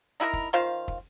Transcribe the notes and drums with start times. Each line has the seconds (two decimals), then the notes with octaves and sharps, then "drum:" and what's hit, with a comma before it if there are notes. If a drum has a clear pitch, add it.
0.20 D#4 E4 G4 A#4
0.33 drum: kick
0.53 D#3 F4 C5 F5
0.88 drum: kick